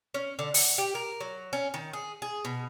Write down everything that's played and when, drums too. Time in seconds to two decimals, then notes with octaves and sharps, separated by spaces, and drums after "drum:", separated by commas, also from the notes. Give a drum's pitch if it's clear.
0.14 C#4
0.39 D3
0.54 F#5, drum: open hi-hat
0.78 G4
0.95 A#4
1.20 F#3
1.53 C#4
1.74 D#3
1.93 G#4
2.22 G#4
2.45 B2